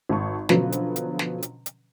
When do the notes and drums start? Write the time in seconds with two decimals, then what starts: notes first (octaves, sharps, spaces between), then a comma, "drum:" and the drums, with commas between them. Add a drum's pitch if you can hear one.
0.09 G#1 A5 C#6
0.49 B2 D3 F3 F#3 C#4 B4, drum: snare
0.72 drum: hi-hat
0.96 drum: hi-hat
1.19 drum: snare
1.43 drum: hi-hat
1.66 drum: hi-hat